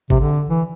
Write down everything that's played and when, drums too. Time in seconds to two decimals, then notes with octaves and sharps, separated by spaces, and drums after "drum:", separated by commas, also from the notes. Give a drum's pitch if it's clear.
0.10 C3, drum: kick G#1
0.19 D3
0.48 E3